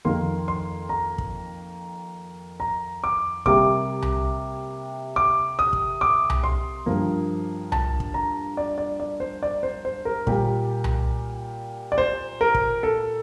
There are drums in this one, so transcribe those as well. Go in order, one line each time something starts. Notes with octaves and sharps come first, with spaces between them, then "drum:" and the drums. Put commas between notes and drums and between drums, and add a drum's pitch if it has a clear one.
F2 D#3 A#3 C6
C6
A#5
drum: kick
A#5
D6
C3 G3 A#3 D6, drum: kick
drum: tom C2
D6
D#6
drum: kick
D6
drum: tom C2
C6
G2 F3 A#3
A5, drum: tom C2
drum: kick
A#5
D5
D5
D5
C5
D5
C5
C5
A#4
A#2 G3 A#3 G4, drum: kick
drum: tom C2
D5
C5
A#4
drum: kick
A4